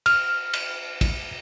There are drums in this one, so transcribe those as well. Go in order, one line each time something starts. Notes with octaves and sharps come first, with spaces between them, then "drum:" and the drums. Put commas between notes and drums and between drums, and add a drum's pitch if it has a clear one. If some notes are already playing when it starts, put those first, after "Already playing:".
F6, drum: cymbal
drum: cymbal
drum: kick, cymbal